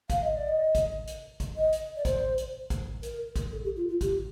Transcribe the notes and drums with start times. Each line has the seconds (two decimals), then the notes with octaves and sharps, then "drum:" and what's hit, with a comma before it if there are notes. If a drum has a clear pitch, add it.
0.10 F5, drum: kick, hi-hat
0.22 D#5
0.35 D5
0.48 D#5
0.75 drum: kick, hi-hat
1.07 drum: hi-hat
1.40 drum: kick, hi-hat
1.56 D#5
1.73 drum: hi-hat
1.96 D5
2.05 C5, drum: kick, hi-hat
2.38 drum: hi-hat
2.70 drum: kick, hi-hat
3.03 A#4, drum: hi-hat
3.36 drum: kick, hi-hat
3.52 A4
3.64 G4
3.76 F4
3.89 F4
4.01 G4, drum: kick, hi-hat